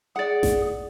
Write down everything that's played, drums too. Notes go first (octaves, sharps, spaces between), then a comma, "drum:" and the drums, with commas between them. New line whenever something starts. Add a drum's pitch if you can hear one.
G#4 D5 F#5
drum: snare A1